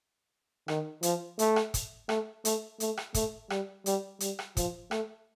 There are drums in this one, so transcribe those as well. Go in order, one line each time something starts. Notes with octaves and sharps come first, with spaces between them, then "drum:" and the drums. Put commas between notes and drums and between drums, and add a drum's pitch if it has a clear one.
D#3, drum: rim click
F3, drum: hi-hat
A3, drum: hi-hat
drum: rim click
drum: kick, hi-hat
A3, drum: rim click
A3, drum: hi-hat
A3, drum: hi-hat
drum: rim click
A3, drum: kick, hi-hat
G3, drum: rim click
G3, drum: hi-hat
G3, drum: hi-hat
drum: rim click
F3, drum: kick, hi-hat
A3, drum: rim click